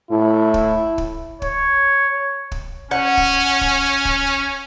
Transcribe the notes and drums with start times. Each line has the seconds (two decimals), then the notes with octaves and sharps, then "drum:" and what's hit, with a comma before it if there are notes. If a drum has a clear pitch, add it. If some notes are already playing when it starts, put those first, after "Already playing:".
0.11 A2 E4
0.54 drum: kick
0.98 drum: kick
1.42 C#5, drum: kick
2.52 drum: kick
2.91 C#4 F#5
3.17 drum: kick
3.61 drum: kick
4.05 drum: kick